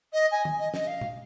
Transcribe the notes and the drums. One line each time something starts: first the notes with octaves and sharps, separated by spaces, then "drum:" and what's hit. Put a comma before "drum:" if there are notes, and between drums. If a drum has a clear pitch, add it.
D#5
G#5
drum: tom
D#5
D#5, drum: snare
F5
drum: tom B2